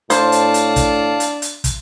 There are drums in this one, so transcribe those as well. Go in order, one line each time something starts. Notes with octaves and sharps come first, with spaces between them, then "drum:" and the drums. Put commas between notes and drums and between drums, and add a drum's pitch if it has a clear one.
A2 D4 C5 F5 A5, drum: hi-hat
drum: hi-hat
drum: hi-hat
drum: kick, hi-hat
drum: hi-hat
drum: hi-hat
drum: kick, hi-hat